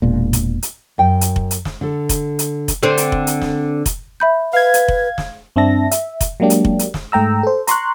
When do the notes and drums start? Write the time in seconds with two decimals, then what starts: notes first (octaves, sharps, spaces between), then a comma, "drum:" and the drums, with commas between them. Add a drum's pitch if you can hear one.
0.02 E1 A#2
0.33 drum: kick F1, hi-hat
0.63 drum: hi-hat
0.98 F#2 G5
1.21 drum: hi-hat
1.36 drum: kick F1
1.51 drum: hi-hat
1.65 drum: snare
1.81 D3 A4
2.09 drum: kick F1, hi-hat
2.39 drum: hi-hat
2.68 drum: kick F1, hi-hat
2.83 D3 C4
2.97 drum: hi-hat
3.12 drum: kick F1
3.27 drum: hi-hat
3.42 drum: snare
3.86 drum: kick F1, hi-hat
4.20 E5 B5 G6
4.53 B4 F5 G#6
4.74 drum: hi-hat
4.88 drum: kick F1
5.18 drum: snare
5.56 G2 C4 D4 E5 A5 A#6
5.91 E5, drum: hi-hat
6.21 drum: kick F1, hi-hat
6.40 F#3 G#3 A#3 D4 G4
6.50 drum: hi-hat
6.65 drum: kick F1
6.79 drum: hi-hat
6.94 drum: snare
7.12 G#2 A3 G5 A#5 E6
7.43 A4 C5
7.67 A#5 C6 C#6 F#6, drum: hi-hat